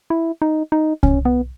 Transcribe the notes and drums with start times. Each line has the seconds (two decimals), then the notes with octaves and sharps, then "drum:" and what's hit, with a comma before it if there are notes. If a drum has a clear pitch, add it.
0.10 E4
0.42 D#4
0.72 D#4
1.03 C#4, drum: kick C2
1.25 B3